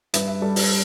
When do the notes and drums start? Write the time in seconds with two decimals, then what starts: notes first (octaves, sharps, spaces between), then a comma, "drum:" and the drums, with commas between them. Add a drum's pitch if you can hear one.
0.14 G2 B4 E5, drum: hi-hat
0.28 B4 E5
0.41 G3 A4 D5
0.56 G4 B4, drum: open hi-hat